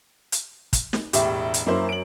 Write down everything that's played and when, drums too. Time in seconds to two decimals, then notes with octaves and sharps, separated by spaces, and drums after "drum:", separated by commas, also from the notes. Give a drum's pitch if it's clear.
0.32 drum: hi-hat
0.73 drum: kick, hi-hat
0.93 drum: snare
1.13 E1 A2 G4 E5, drum: hi-hat
1.54 drum: hi-hat
1.66 F#2 A#3 E4 C5
1.89 D7 F#7